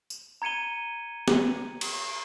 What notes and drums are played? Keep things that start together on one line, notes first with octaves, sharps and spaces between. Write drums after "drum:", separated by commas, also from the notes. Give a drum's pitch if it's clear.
drum: tambourine
A#5 G#6 C#7 D#7 G7
drum: snare
drum: cymbal